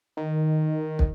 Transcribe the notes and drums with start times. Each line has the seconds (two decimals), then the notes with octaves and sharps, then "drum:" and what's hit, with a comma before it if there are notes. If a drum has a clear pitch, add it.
0.17 D#3
0.99 drum: kick